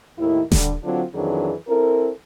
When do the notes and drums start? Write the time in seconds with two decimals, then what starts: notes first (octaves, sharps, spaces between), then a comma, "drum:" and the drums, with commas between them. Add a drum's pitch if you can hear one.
0.18 D#2 A2 D#3 E4
0.52 D3 G3, drum: snare D#1
0.84 D3 F#3 C4 D4 F4
1.15 F2 D#3 E3 F#3 D4 G#4
1.68 C4 E4 A4 A#4